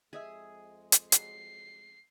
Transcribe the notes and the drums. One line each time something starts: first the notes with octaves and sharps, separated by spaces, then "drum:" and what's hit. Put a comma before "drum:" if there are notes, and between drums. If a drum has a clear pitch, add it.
F2 G#3 G4 G#4 D#5 E5
drum: hi-hat
F#3 G3 C7, drum: hi-hat